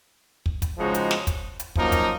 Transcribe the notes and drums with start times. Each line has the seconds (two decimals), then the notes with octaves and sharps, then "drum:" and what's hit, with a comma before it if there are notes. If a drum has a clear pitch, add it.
0.46 drum: kick
0.62 drum: kick, hi-hat
0.78 C#3 F3 G#3 D#4 F#4
0.94 drum: hi-hat
1.11 drum: snare
1.27 drum: kick, hi-hat
1.59 drum: hi-hat
1.76 F#2 F3 A#3 D#4 A#4, drum: kick
1.92 drum: kick, hi-hat